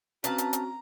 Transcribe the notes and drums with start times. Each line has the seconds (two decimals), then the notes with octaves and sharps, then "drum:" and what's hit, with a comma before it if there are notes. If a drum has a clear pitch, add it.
0.24 C4 C#4 F#4 B4 F5 A5 A#5, drum: hi-hat
0.38 drum: hi-hat
0.53 drum: hi-hat